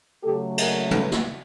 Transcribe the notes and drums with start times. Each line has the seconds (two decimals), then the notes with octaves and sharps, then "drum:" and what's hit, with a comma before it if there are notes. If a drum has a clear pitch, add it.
0.24 C#3 F#3 A3 G4 A4
0.58 G#4 A#4, drum: cymbal
0.91 A4 B4, drum: tom
1.12 drum: snare